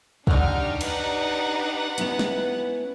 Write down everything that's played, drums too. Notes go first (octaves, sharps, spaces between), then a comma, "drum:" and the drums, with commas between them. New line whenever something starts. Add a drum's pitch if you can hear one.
D3 F#3 D4 D#4 G4 G5 F6, drum: kick
B4 F#5, drum: cymbal
B3 C#4 E4, drum: hi-hat
drum: snare